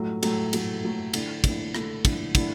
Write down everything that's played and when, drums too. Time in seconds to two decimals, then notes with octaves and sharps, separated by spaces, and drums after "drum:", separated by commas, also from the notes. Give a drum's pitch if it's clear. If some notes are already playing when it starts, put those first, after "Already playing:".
Already playing: A2 F#3 A3
0.23 A2 F#3 A3, drum: cymbal
0.53 A2 F#3 A3, drum: cymbal
0.83 A2 F#3 A3
1.13 D3 A3 E4, drum: cymbal
1.44 D3 A3 E4, drum: kick, cymbal
1.75 D3 A3 E4, drum: rim click
2.05 D3 A3 E4, drum: kick, cymbal
2.35 D3 A3 E4, drum: kick, cymbal